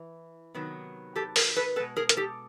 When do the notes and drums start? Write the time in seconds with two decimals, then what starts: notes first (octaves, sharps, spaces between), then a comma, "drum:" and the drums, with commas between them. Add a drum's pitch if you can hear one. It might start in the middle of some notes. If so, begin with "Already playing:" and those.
Already playing: E3
0.55 C3 D#3 F#3 B3
1.16 G4 A4
1.36 G#4 A#4, drum: open hi-hat
1.57 A4 B4
1.76 C4 A4 B4
1.79 B2 G#3
1.97 G#4 A#4
2.09 A#4, drum: hi-hat
2.17 G4 A4